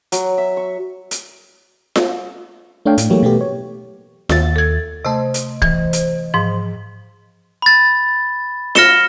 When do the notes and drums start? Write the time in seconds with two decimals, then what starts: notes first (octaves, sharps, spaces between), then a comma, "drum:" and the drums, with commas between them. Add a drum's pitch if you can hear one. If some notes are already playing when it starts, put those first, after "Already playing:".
0.12 F#3, drum: hi-hat
0.38 E5
0.57 C#6
1.11 drum: hi-hat
1.96 drum: snare F4
2.86 A3 D4 C#5 F5 G5
2.98 A2, drum: hi-hat
3.10 E3 F#3 A3 A#3 G4 C#5
3.23 B2 A3 B3 G4
3.41 C#5
4.29 D#2 E5 A6, drum: snare F4
4.56 A4 G#6
5.05 C3 A3 C5 D#5
5.34 drum: hi-hat
5.62 E3, drum: kick
5.93 drum: hi-hat
6.34 G#2 F3
7.62 B5 A6
8.75 F6 A#6 C#7 E7 G7, drum: snare F4